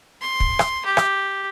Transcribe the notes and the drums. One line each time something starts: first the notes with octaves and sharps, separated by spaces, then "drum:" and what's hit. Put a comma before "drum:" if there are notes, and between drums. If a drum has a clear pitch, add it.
C6
drum: kick
drum: rim click
G4
drum: rim click